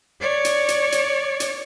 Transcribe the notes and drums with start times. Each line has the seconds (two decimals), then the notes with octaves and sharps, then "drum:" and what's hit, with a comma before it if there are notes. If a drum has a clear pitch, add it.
0.21 C#5 D5
0.45 drum: hi-hat
0.68 drum: hi-hat
0.92 drum: hi-hat
1.40 drum: hi-hat